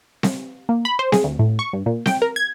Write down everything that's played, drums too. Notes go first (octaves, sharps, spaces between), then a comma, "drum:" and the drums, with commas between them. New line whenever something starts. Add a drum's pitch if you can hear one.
drum: snare C4
A#3
B5
C5
G#4, drum: snare C4
D2
A2
C#6
G2
A#2
G5, drum: snare C4
A#4
G#6